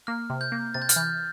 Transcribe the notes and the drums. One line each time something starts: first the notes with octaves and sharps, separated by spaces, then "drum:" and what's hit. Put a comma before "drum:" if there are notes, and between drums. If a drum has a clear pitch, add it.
A#3 F6
C3
G6
A#3
C3 A6
G6
F6, drum: hi-hat
E3 G6